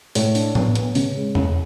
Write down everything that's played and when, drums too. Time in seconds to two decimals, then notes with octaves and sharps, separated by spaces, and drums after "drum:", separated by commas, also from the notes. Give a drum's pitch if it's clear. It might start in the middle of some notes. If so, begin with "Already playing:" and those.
0.15 A2 C#5, drum: open hi-hat
0.35 D4, drum: open hi-hat
0.55 B3, drum: tom A2
0.75 B3, drum: hi-hat
0.95 C#3, drum: open hi-hat
1.15 G#3
1.35 C#4, drum: tom E2